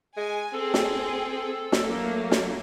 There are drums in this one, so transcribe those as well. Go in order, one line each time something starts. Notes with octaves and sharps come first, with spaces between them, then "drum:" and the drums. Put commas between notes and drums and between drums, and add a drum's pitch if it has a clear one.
G#3 G#5
C4 G#4 A4
drum: snare
drum: snare
F#3 A3 A#3
drum: snare